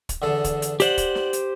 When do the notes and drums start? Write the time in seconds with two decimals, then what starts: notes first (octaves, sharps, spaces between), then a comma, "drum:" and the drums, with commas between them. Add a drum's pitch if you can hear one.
0.09 drum: kick, hi-hat
0.22 E2 D3 A4
0.44 drum: kick, hi-hat
0.62 drum: hi-hat
0.80 G4 C5 D5 F#5, drum: hi-hat
0.98 drum: kick, hi-hat
1.15 drum: snare
1.33 drum: hi-hat